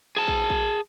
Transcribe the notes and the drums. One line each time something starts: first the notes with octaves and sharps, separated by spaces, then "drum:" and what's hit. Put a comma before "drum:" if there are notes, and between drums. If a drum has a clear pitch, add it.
G#4 A5
drum: kick
drum: kick